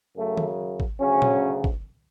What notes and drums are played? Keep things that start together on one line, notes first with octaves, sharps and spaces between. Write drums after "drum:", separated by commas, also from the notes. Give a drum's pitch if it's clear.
F#2 C#3 F#3 A3
drum: tom D#3
drum: kick G#1
D2 C#3 F#3 C#4
drum: tom A#2
drum: kick G#1